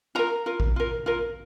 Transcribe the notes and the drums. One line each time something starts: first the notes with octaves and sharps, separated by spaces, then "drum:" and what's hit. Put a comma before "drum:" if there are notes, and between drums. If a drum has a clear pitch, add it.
F4 A#4 A#5
F4 A#4
drum: kick A#1
F4 A#4
F4 A#4